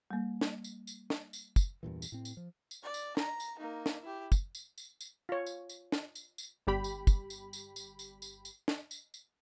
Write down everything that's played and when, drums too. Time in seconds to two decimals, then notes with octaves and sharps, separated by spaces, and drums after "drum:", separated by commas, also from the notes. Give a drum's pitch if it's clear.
0.11 G3 A#3
0.41 drum: snare
0.64 drum: tambourine
0.87 drum: tambourine
1.10 drum: snare
1.33 drum: tambourine
1.56 drum: kick, tambourine
1.83 E2 G2 A#2 E3
2.02 drum: tambourine
2.12 A2 C4
2.25 drum: tambourine
2.37 F3
2.71 drum: tambourine
2.83 D5
2.94 drum: tambourine
3.17 A#5, drum: snare
3.40 drum: tambourine
3.59 A#3 D#4
3.86 drum: snare
4.03 E4 G4
4.32 drum: kick, tambourine
4.55 drum: tambourine
4.78 drum: tambourine
5.01 drum: tambourine
5.29 F4 C#5
5.46 drum: tambourine
5.69 drum: tambourine
5.92 drum: snare
6.15 drum: tambourine
6.38 drum: tambourine
6.67 G1 G3 G4 B5
6.84 drum: tambourine
7.07 drum: kick, tambourine
7.30 drum: tambourine
7.53 drum: tambourine
7.76 drum: tambourine
7.99 drum: tambourine
8.22 drum: tambourine
8.45 drum: tambourine
8.68 drum: snare
8.91 drum: tambourine
9.14 drum: tambourine